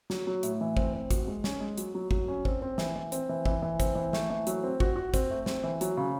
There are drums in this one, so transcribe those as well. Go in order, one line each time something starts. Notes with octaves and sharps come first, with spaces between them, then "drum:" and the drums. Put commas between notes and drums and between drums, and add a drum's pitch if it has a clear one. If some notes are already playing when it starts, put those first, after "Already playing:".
F#3, drum: snare
F#3
A2, drum: hi-hat
E3
C4, drum: kick G#1
C4
F#4, drum: kick G#1, hi-hat
G#3
C#4, drum: snare
G#3
F#3, drum: hi-hat
F#3
F#3, drum: kick G#1
C#4
C4, drum: kick G#1
C4
E3, drum: snare
E3
C4, drum: hi-hat
E3
E3, drum: kick G#1
E3
C4, drum: kick G#1, hi-hat
E3
A3, drum: snare
E3
F#3, drum: hi-hat
C4
F#4, drum: kick G#1
F#4
C4, drum: kick G#1, hi-hat
A3
C4, drum: snare
E3
F#3, drum: hi-hat
C#3